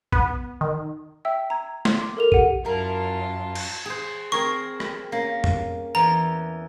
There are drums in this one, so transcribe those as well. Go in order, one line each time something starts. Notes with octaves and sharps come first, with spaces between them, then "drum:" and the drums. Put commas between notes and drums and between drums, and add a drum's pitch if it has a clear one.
B3, drum: kick
D#3
E5 G5 E6 B6
A#5 G#6
C6, drum: snare
D6
A4 A#4 F7
G4 F#5 D#7, drum: kick
F#2 E4 F4 A#4 A5
drum: cymbal
G#4 C5
C4 G#4 A#4 C#6
drum: rim click
A#3 C#4
drum: tom
E2 E3 A#5